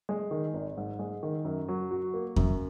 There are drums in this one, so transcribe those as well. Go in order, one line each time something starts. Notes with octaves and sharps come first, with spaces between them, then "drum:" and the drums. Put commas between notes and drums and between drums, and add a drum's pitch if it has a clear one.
G#3
D#3
G#1
G#2
G#3
D#3
F#2
F#3
F#4
A#3
F#2, drum: kick E2